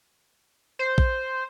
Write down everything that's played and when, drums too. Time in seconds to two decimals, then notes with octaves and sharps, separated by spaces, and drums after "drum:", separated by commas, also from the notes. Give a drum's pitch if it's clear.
0.79 C5
0.98 drum: kick